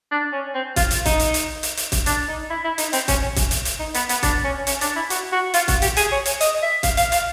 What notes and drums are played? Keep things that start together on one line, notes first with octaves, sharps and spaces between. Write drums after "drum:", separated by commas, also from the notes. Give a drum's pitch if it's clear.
D4
C#4
C4
F4, drum: kick, hi-hat
drum: hi-hat
D#4, drum: kick, hi-hat
drum: hi-hat
drum: hi-hat
drum: hi-hat
drum: hi-hat
drum: kick, hi-hat
D4, drum: hi-hat
D#4
E4
E4
D#4, drum: hi-hat
C4, drum: hi-hat
C#4, drum: kick, hi-hat
drum: kick, hi-hat
drum: hi-hat
drum: hi-hat
D#4
B3, drum: hi-hat
B3, drum: hi-hat
D4, drum: kick, hi-hat
C#4
C#4, drum: hi-hat
D4, drum: hi-hat
E4
F#4, drum: hi-hat
F#4
F4, drum: hi-hat
F#4, drum: kick, hi-hat
G4, drum: hi-hat
G#4, drum: hi-hat
C#5
drum: hi-hat
D#5, drum: hi-hat
E5
F5, drum: kick, hi-hat
F5, drum: hi-hat
F5, drum: hi-hat